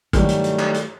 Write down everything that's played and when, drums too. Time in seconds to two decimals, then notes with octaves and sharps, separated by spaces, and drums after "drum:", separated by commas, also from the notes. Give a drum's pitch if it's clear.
0.13 D#3 E3 F#3 G3 A3, drum: kick, hi-hat
0.29 drum: hi-hat
0.44 drum: hi-hat
0.59 drum: clap
0.74 drum: hi-hat